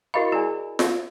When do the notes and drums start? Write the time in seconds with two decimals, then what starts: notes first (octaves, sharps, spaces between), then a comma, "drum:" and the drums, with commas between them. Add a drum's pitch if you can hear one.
0.14 E4 F#4 A#4 D#5 F5 B5
0.32 E4 G#4 D5 G#5
0.79 drum: snare F4